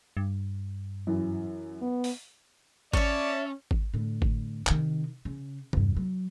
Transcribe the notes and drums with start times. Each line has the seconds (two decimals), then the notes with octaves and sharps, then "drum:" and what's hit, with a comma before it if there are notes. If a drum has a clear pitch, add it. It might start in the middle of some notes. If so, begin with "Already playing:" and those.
0.17 G2
1.07 F#2 E3
1.82 B3
2.04 drum: open hi-hat
2.93 C#4 C#5 D5 E5 A5, drum: kick G#1
3.71 drum: kick G#1
3.94 A2 D3
4.22 drum: kick G#1
4.67 C3 D#3, drum: clap
5.25 C#3
5.73 E2 G2, drum: tom C3
5.97 F#3